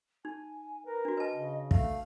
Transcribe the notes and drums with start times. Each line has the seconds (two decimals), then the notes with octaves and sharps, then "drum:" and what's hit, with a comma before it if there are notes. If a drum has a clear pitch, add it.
0.25 D#4 G#5
0.86 A#4 B4
1.05 D4 F#4
1.17 B4 D#5 A5
1.33 C#3
1.71 A3 F5, drum: kick